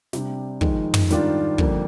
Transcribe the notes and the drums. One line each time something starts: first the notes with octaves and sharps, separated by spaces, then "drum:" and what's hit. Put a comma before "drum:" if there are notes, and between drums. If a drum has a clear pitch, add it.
C3 G3 D4, drum: snare
F2 D#3 G#3 D#4, drum: kick
drum: tom
G#2 D#3 G3 D4 F4, drum: snare
F2 D3 G3 A#3, drum: kick